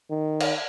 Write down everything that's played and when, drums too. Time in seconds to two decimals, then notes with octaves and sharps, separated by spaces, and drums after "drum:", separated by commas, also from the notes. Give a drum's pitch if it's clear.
0.11 D#3
0.40 drum: cymbal